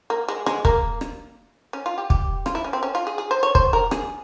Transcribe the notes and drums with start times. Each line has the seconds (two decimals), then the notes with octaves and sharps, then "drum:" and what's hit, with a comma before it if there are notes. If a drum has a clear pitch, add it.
0.10 A#3
0.28 G#3
0.46 G#3, drum: rim click
0.65 A#3, drum: kick
1.01 drum: rim click
1.73 C#4
1.86 F4
1.98 G4
2.10 G4, drum: kick
2.46 F4, drum: rim click
2.55 E4
2.64 C#4
2.73 C4
2.83 C#4
2.95 F4
3.07 G#4
3.18 G#4
3.31 C5
3.43 C#5
3.55 C5, drum: kick
3.73 A#4
3.91 G#4, drum: rim click